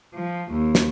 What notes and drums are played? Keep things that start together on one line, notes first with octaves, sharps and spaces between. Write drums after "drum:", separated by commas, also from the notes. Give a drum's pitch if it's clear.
F3
D#2
drum: snare